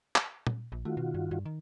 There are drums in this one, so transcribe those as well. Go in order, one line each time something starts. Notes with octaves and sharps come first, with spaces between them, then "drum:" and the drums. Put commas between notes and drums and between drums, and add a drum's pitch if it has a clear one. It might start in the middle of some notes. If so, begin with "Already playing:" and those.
drum: clap
drum: tom
A#1
D#3 A3 F4 F#4
B2
G2
G2
D#3